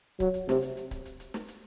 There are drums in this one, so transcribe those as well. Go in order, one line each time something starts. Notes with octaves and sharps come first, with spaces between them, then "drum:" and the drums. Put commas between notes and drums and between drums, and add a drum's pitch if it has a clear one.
F#3, drum: kick C#1, hi-hat
drum: hi-hat
C3, drum: snare
drum: hi-hat
drum: hi-hat
drum: kick C#1, hi-hat
drum: hi-hat
drum: hi-hat
drum: snare
drum: hi-hat